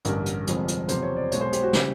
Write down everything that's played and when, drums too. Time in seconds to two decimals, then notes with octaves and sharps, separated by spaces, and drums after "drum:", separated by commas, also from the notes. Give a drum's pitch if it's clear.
0.05 A1 G2 D3 A#4, drum: hi-hat
0.26 drum: hi-hat
0.47 G1 F2 C3 F3 G#3, drum: hi-hat
0.68 drum: hi-hat
0.88 F#1 E2 C3 F3 C5, drum: hi-hat
1.03 C#5
1.17 D5
1.32 B1 B2 G#3 C#5, drum: hi-hat
1.41 C5
1.53 G4, drum: hi-hat
1.63 F#4
1.73 C#3 G4, drum: snare